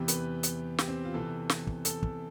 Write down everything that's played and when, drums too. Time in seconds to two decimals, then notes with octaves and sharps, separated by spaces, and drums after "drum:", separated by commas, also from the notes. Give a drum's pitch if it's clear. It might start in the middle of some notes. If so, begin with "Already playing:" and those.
Already playing: E2 C3 E3 G4
0.08 B4, drum: hi-hat
0.43 drum: hi-hat
0.78 G4, drum: snare
0.88 C4
1.05 F4
1.14 E2 C3 E3 A4
1.49 drum: snare
1.67 drum: kick
1.85 A4, drum: hi-hat
2.03 drum: kick